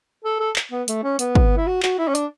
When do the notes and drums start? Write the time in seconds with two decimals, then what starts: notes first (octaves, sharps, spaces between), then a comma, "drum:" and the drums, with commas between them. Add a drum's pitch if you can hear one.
0.24 A4
0.40 A4
0.56 drum: clap
0.72 B3
0.88 A3, drum: hi-hat
1.04 C#4
1.19 B3, drum: hi-hat
1.35 drum: kick
1.57 E4
1.67 F#4
1.83 F#4, drum: clap
1.99 E4
2.08 C#4
2.15 D4, drum: hi-hat